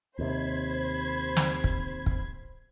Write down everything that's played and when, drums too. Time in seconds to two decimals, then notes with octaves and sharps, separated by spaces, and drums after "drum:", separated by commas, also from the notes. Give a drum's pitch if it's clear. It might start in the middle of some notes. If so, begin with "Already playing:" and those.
0.19 D#2 C3 C5 B5 G#6
1.37 drum: snare
1.64 drum: kick
2.06 drum: kick